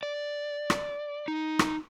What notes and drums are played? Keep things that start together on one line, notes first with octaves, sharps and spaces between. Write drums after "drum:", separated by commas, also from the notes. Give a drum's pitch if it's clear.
D5
drum: rim click
D#4
drum: rim click